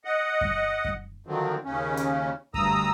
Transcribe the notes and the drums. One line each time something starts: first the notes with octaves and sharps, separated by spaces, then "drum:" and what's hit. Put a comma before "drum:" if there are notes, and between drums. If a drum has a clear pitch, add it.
D#5 F#5
drum: kick F#2
drum: kick F#2
D3 D#3 F3 F#3 C4
D#2 C#3 C#4
drum: hi-hat
D2 G2 A#5 D#6 E6, drum: kick F#2